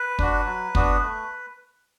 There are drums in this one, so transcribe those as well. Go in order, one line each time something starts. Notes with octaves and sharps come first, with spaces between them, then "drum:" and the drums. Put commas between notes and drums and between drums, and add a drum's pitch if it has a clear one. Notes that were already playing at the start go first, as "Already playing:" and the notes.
Already playing: B4
D4 F#4, drum: kick
F#3
B3 D4 F#4, drum: kick
A3